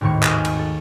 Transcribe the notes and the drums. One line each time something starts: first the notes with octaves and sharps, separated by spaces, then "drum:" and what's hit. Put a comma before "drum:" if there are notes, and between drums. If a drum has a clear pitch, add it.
G#1 D#2 A2 D#3 C#6
G#5 F6, drum: clap
drum: cymbal
A4